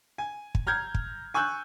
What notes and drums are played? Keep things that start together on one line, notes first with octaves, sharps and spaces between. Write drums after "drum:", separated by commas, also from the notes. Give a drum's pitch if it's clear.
G#5
drum: kick
A#5 F6 G6 G#6
drum: kick
G#5 C#6 E6 F#6 G6